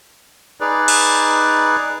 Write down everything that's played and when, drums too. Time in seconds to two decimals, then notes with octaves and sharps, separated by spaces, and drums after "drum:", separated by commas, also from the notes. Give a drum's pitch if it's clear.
0.61 D#4 G#4 B4 D5
0.88 drum: cymbal